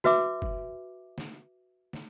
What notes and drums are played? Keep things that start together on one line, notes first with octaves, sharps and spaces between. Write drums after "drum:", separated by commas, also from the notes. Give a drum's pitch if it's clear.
F#4 B4 E5 D6, drum: snare
drum: kick
drum: snare
drum: snare